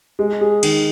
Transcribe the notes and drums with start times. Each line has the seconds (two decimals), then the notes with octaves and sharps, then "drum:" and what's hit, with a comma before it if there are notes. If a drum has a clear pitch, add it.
0.19 G#3
0.41 G#4
0.63 D#3, drum: cymbal